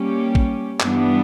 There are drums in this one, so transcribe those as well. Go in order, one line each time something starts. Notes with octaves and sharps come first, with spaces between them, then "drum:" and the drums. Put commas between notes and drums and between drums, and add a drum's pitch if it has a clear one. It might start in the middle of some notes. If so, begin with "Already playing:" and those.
Already playing: G3 A#3 C#4 G4
drum: kick
G2 E3 G3 B3 D4, drum: clap